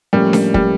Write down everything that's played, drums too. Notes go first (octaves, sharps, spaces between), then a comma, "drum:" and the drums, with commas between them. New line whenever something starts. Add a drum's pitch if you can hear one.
A2 F3 G3 A#3 C#4
drum: snare D4
G3, drum: kick